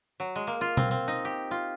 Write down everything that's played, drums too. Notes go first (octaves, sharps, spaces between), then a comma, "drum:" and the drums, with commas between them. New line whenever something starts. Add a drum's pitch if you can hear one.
F#3
G#3
A#3
F4
C4, drum: tom
C4
D#4
G4
F4